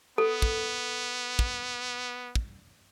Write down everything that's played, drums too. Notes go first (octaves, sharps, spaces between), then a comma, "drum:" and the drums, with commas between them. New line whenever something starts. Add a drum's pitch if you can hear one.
B3 A4
drum: kick
drum: kick
drum: kick